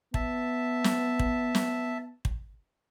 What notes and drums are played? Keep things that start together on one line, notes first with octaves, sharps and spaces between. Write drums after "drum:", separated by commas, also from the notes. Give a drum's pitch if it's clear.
B3 E5 A5, drum: kick
drum: snare
drum: kick
drum: snare
drum: kick